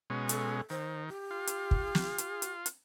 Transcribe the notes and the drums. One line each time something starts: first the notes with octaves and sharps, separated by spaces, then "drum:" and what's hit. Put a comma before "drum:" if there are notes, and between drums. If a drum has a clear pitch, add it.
B2 G#3 C#4
A4, drum: hi-hat
D#3 C5
G4
F4
drum: hi-hat
drum: kick
drum: snare
drum: hi-hat
drum: hi-hat
drum: hi-hat